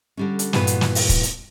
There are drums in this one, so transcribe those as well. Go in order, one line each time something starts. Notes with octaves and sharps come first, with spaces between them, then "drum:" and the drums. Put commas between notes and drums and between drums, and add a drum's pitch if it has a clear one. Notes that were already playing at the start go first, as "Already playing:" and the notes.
D3 G3 C#4
drum: hi-hat
G2 A#2 E3 B3 F#4 B4, drum: snare
drum: hi-hat
drum: snare
drum: open hi-hat
drum: kick, hi-hat
drum: hi-hat